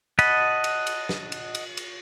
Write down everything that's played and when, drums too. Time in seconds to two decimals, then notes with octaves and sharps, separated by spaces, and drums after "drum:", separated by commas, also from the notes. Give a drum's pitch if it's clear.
0.19 D#5 F#5 A5 B5, drum: cymbal
0.64 drum: cymbal
0.87 drum: cymbal
1.09 drum: snare
1.32 drum: cymbal
1.55 drum: cymbal
1.77 drum: cymbal